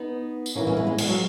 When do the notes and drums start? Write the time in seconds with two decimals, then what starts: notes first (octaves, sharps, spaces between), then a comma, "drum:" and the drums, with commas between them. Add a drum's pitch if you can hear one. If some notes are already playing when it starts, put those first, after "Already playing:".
Already playing: B3 D#4
0.46 drum: tambourine
0.55 E3 A#3 C#4
0.67 A#3 C#4
0.77 G#3 B3
0.87 G#3
0.98 G#3, drum: cymbal
1.08 F#3